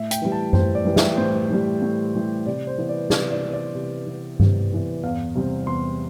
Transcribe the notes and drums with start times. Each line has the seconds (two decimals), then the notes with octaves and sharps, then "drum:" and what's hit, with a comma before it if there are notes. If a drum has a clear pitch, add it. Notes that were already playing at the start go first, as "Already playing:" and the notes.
Already playing: A2 E5
0.11 G5, drum: hi-hat
0.22 E3 G3
0.32 A5
0.53 A2 C5, drum: tom F#2
0.75 D5
0.85 E3 G3
0.96 E5, drum: snare
1.17 A2 C5
1.50 E3 G3
1.82 A2
2.15 E3 G3
2.46 C3 D5
2.67 C5
2.78 E3 B3
2.89 D5
3.10 C3 D5, drum: snare
3.32 D5
3.43 E3 B3
3.53 D5
3.75 C3
4.07 E3 B3
4.40 C3, drum: tom G2
4.71 E3 B3
5.03 E2 F5
5.35 C3 G3 C4
5.67 E2 C6